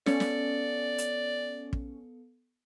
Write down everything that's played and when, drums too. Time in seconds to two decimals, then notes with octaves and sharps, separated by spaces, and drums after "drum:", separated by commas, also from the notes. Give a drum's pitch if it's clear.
0.06 B3 C#4 A4 D5 C#7, drum: snare
0.20 drum: snare
0.98 drum: hi-hat
1.73 drum: kick